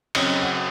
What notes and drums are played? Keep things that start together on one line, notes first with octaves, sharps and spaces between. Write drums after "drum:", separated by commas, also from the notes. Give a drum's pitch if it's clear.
C#3 F#3 C4 D#5, drum: cymbal
F#5